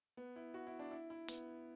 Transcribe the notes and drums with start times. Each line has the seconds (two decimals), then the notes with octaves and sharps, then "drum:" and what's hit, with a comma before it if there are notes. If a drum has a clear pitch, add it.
0.17 B3
0.36 E4
0.54 F#4
0.67 E4
0.79 D4
0.91 E4
1.10 E4
1.28 B3, drum: hi-hat